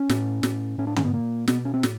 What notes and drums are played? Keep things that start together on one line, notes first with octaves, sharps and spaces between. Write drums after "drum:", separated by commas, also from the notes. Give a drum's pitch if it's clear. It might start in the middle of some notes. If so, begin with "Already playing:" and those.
Already playing: C#4
A2, drum: snare
A2, drum: snare
A2 C#4
D4
C#4, drum: tom
B3
A#2 A#3
B2 B3, drum: snare
C#4
C4
A2, drum: snare